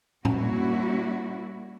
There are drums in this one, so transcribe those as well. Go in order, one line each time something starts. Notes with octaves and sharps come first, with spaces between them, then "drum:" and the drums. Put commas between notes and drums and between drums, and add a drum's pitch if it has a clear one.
G3 A#3 C#4 D4 E4 F#4, drum: tom A2